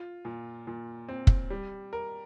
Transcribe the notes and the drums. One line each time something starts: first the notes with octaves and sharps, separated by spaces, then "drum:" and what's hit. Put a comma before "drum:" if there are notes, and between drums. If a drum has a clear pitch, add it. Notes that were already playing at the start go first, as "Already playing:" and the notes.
Already playing: F4
A#2
A#2
C4
drum: kick
G3
A#4